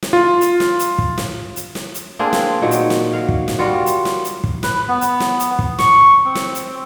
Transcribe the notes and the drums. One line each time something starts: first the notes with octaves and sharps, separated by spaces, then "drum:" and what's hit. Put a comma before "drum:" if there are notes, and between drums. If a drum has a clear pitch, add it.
drum: snare
F4
drum: hi-hat
drum: snare
drum: hi-hat
drum: kick
drum: snare
drum: hi-hat
drum: snare
drum: hi-hat
A#3 C4 D4 G#4
drum: snare
A#2 D#3 F#3
drum: hi-hat
drum: snare
F#3 F5
drum: kick
drum: snare
G3 F4 F#4
drum: hi-hat
drum: snare
drum: hi-hat
drum: kick
B4, drum: snare
B3
drum: hi-hat
drum: snare
drum: hi-hat
drum: kick
C#6, drum: snare
C4
drum: snare
drum: hi-hat